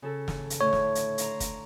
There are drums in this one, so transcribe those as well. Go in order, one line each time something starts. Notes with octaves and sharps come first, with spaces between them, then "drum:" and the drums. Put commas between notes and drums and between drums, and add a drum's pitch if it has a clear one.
C#3 A4
drum: snare
drum: hi-hat
A2 D3 C#5
drum: snare
drum: hi-hat
A#5 C6, drum: hi-hat
drum: kick, hi-hat